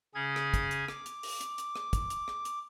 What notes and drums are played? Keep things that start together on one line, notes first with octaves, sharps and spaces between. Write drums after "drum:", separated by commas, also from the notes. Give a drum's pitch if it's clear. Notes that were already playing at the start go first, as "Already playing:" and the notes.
C#3 C#4 G#4 G#6
drum: rim click
drum: kick, hi-hat
drum: hi-hat
D6, drum: rim click
drum: hi-hat
drum: open hi-hat
drum: hi-hat
drum: hi-hat
drum: rim click
drum: kick, hi-hat
drum: hi-hat
drum: rim click
drum: hi-hat